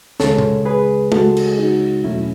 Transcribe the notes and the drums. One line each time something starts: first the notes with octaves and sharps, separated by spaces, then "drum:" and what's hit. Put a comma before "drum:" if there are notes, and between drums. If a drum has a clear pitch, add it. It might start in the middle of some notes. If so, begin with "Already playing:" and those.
C#2 C#3 G#3 A4 C#5, drum: snare
drum: tom A#2
G#4 B4
C#2 C#3 G#3 F#4 A4, drum: tom G#3
drum: cymbal
G#4
D#4 F#4
E2 B2 F#3 A3 C#4 E4